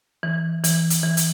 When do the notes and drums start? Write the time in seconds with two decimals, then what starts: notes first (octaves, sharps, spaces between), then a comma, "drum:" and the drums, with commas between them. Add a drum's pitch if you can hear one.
0.23 E3
0.64 E3, drum: hi-hat
0.90 drum: hi-hat
1.03 E3
1.17 drum: hi-hat